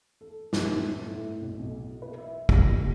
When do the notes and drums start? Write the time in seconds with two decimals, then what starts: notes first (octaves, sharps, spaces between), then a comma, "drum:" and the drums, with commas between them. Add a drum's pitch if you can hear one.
0.21 A4
0.53 A#1, drum: snare
0.75 B3
1.06 A2
1.41 B1
1.59 B1
2.02 B4
2.18 E5
2.49 A#6, drum: kick
2.70 D#1